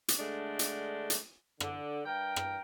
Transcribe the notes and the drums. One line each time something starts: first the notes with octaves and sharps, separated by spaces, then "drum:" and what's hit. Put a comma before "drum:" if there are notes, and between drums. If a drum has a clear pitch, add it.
drum: hi-hat
D3 G#3 A3 D4
drum: hi-hat
drum: hi-hat
D3, drum: rim click
G2 A#4 G5
drum: rim click